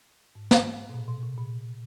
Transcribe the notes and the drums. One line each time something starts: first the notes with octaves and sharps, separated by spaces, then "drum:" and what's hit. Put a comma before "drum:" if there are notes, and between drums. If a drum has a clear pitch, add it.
G#2
drum: snare
B2
A#2
B2
C3
A#2